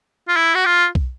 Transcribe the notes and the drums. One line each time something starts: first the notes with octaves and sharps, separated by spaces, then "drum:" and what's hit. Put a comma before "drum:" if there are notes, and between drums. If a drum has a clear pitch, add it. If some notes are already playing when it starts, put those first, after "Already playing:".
F4
E4
F#4
F4
drum: kick B1